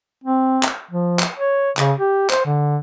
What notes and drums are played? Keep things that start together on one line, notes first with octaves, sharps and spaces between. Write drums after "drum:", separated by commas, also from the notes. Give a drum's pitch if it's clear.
C4
drum: clap
F3
drum: clap
C#5
C#3, drum: clap
G4
C5, drum: clap
D3